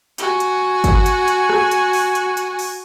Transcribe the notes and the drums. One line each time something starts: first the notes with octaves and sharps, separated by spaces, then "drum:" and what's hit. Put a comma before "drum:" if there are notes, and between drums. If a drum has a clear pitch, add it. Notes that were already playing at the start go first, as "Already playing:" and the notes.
F#4 G#5, drum: hi-hat
drum: hi-hat
drum: kick, hi-hat
drum: hi-hat
drum: hi-hat
drum: rim click
drum: hi-hat
drum: open hi-hat
drum: hi-hat
drum: hi-hat
drum: open hi-hat